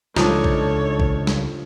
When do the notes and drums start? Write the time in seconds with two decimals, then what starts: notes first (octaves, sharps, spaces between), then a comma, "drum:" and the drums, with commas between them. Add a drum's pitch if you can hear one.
0.16 C#2 F3 D4 D#4 A4 C#5, drum: snare
0.44 drum: kick A#1
1.00 drum: kick A#1
1.27 drum: snare